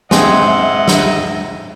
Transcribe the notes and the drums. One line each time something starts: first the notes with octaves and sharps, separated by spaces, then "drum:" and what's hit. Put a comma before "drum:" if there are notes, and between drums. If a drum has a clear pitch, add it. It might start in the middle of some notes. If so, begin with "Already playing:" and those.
G#2 C4 G#4 D#5 E5 F#5, drum: snare
drum: snare